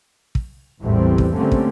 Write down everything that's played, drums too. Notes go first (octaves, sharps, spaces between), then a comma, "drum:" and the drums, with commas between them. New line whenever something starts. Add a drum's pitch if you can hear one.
drum: kick
A1 E2 A2 E3 G3 C4
drum: kick
D3 G3 A3 A#3 C4 C#4
drum: kick